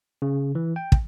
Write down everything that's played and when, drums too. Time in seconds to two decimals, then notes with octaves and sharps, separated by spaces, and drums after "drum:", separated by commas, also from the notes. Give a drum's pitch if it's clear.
0.22 C#3
0.55 E3
0.76 G5
0.92 drum: kick